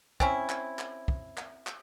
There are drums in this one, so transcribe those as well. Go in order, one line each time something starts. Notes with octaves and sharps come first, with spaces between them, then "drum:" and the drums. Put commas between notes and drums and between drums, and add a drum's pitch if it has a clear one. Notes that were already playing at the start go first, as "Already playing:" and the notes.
C4 C#4 E4, drum: kick
drum: clap
drum: clap
drum: kick
drum: clap
drum: clap